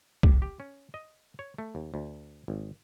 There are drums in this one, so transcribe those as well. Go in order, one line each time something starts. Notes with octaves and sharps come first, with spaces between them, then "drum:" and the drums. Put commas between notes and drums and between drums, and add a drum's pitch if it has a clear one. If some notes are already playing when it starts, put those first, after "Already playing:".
G4, drum: kick C2
G4
C#4
D#5
C#5
A3
D#2
D2
G#1